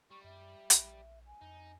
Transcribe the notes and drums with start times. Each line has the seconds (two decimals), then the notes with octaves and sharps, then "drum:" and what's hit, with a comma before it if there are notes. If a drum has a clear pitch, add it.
0.11 G3 C#6
0.24 F#2 E5
0.70 A#1, drum: hi-hat
1.26 G#5
1.42 F2 D#4